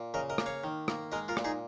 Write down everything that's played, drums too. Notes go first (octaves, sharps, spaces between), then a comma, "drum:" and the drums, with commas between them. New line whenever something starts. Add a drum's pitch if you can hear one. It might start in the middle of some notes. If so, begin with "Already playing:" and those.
Already playing: A#2
C#3 A#4 D#5
A#4 D#5
A#3, drum: rim click
C#5 F5
D#3
A#3, drum: rim click
G#3 A#4 D#5
F4 A#4
A#2, drum: rim click
D#4 G#4